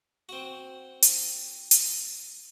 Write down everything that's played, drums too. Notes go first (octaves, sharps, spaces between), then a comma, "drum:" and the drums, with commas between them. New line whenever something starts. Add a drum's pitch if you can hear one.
C4 F#4
drum: hi-hat
drum: hi-hat